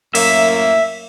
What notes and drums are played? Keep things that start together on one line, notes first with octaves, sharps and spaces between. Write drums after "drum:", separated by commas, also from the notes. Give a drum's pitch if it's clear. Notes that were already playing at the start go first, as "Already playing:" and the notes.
F#2 A2 A#3 E5, drum: cymbal